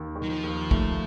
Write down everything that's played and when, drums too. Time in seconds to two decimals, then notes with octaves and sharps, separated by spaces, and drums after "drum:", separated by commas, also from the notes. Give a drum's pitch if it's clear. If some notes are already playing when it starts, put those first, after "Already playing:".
Already playing: D#2
0.15 D#3
0.23 F#3
0.30 F3
0.44 D#2
0.71 A3, drum: kick